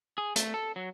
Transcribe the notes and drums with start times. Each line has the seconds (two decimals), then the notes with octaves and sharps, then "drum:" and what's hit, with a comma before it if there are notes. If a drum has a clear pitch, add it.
0.18 G#4
0.36 A3, drum: hi-hat
0.54 A4
0.76 F#3